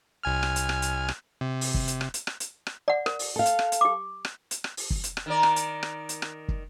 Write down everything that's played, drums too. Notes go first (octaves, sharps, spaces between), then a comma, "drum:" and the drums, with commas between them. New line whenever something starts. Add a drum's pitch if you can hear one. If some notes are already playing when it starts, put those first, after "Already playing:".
C2 G#5 F6
drum: rim click
drum: hi-hat
drum: rim click
drum: hi-hat
drum: rim click
C3
drum: open hi-hat
drum: kick
drum: hi-hat
drum: rim click
drum: hi-hat
drum: rim click
drum: hi-hat
drum: rim click
D5 F#5
A#4, drum: rim click
drum: open hi-hat
A4 F5
drum: hi-hat
drum: rim click
drum: hi-hat
G4 D6
drum: rim click
drum: hi-hat
drum: rim click
drum: open hi-hat
drum: kick
drum: hi-hat
drum: rim click
D#3 A#4 D5
drum: rim click
drum: hi-hat
drum: rim click
drum: hi-hat
drum: rim click
drum: kick